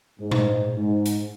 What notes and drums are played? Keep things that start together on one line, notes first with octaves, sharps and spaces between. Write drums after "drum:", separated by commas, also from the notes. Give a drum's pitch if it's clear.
G#2
drum: tom A#2
G#2
drum: hi-hat